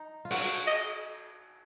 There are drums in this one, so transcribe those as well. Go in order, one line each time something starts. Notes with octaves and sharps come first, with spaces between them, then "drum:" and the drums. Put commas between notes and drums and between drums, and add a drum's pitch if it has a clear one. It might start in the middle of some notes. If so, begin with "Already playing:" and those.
Already playing: D#4
F4
F#4, drum: cymbal
D#5